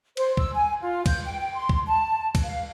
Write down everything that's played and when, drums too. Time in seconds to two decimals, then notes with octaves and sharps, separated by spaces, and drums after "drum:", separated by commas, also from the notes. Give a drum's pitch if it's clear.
0.17 C5, drum: cymbal
0.37 E6, drum: kick
0.54 G#5
0.82 F4
1.06 G6, drum: kick, cymbal
1.26 G5
1.41 G5
1.55 C6
1.69 drum: kick
1.87 A5
2.35 drum: kick, cymbal
2.44 F5